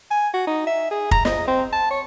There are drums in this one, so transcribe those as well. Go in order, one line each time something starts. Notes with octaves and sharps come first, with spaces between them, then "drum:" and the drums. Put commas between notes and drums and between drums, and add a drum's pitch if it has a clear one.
G#5
F#4
D#4
E5
G#4
A#5, drum: kick
D#5, drum: snare
C4
A5
C#5